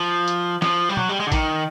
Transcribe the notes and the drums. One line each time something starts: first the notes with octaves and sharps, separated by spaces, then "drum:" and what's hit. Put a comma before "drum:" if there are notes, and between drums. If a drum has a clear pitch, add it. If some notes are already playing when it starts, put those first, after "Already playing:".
Already playing: F3
drum: hi-hat
F3, drum: snare
G3
F#3, drum: tom
G3
G#3
D3
D#3, drum: kick A1, hi-hat